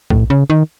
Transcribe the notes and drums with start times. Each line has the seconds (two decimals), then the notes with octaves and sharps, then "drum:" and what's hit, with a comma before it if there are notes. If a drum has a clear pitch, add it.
0.10 A2, drum: kick B1
0.30 C#3
0.50 D#3